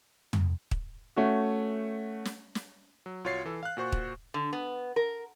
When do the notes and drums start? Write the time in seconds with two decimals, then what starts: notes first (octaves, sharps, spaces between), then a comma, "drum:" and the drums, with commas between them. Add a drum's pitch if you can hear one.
0.33 drum: tom
0.71 drum: kick
1.16 A3 C#4 F#4
2.25 drum: snare
2.55 drum: snare
3.06 F#3
3.24 C2 F4 F#4 C#5 A6 C7
3.45 E3 A4
3.63 F5 F#6
3.77 A#2 F#4 C5 C#6
3.92 drum: kick
4.34 D3
4.53 B3
4.96 A#4